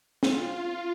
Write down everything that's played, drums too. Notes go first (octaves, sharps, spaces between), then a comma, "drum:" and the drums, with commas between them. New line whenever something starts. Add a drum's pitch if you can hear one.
F4, drum: snare